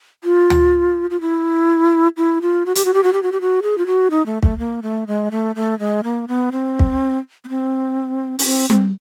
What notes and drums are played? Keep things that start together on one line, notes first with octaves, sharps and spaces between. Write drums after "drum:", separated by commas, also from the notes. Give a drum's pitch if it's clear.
F4
drum: tom D2
F4
E4
E4
F4
F#4
G4, drum: hi-hat
F#4
G4
F#4
G4
F#4
G4
F#4
G#4
F4
F#4
D#4
A3
A3, drum: kick
A#3
A3
G#3
A3
A3
G#3
A#3
B3
C4
drum: kick
B3
C4
C#4, drum: open hi-hat
C4
C4, drum: tom G3